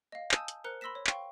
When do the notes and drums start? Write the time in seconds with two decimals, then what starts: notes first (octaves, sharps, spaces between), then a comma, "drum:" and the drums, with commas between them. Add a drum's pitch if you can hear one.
0.12 D#5 F5
0.31 G#5 A5 D#6 E6 G6, drum: clap
0.48 drum: hi-hat
0.64 A#4 C5 A#5 F#6 C#7
0.81 B5 C6 E6 A#6 B6 E7
0.95 C#5
1.07 F5 G5 C6 C#6, drum: clap